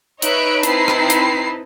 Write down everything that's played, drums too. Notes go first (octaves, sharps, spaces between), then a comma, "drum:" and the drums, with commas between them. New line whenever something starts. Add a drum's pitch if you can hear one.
D#4 B4 C#5 E5 F#6 D7, drum: hi-hat
C4 D#4 E4 B4 A5 C7, drum: hi-hat
drum: rim click
drum: hi-hat